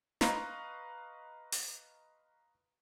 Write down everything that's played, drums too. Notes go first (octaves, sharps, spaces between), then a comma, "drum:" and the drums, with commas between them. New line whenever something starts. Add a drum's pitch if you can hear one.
B4 D#5 F5 A#5 C6 C#6, drum: snare
drum: open hi-hat